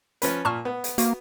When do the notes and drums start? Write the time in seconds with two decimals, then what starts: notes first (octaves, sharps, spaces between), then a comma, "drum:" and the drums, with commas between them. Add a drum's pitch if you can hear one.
0.22 F3 C#4 B4, drum: hi-hat
0.45 A#2 A5 C#6 F6
0.65 B3
0.84 drum: hi-hat
0.98 A#3 F#4, drum: hi-hat